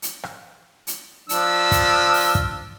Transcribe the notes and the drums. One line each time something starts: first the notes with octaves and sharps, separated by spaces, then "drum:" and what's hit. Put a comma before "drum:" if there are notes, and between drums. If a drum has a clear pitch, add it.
drum: hi-hat
drum: rim click
drum: hi-hat
F3 D4 E6, drum: hi-hat
drum: kick, hi-hat
drum: open hi-hat
drum: kick